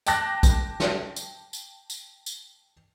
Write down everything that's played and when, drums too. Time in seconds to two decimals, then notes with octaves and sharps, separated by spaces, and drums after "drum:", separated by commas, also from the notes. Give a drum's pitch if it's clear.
0.07 G5 A5 D6 F#6 A#6, drum: tambourine
0.43 drum: kick, tambourine
0.80 drum: snare
1.16 drum: tambourine
1.53 drum: tambourine
1.90 drum: tambourine
2.26 drum: tambourine